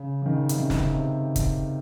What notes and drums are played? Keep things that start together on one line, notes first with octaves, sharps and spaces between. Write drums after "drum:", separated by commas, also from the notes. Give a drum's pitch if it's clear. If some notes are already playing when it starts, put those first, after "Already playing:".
Already playing: C#3
C#3
D#3
C3, drum: hi-hat
C#3
drum: snare
C3
drum: kick, hi-hat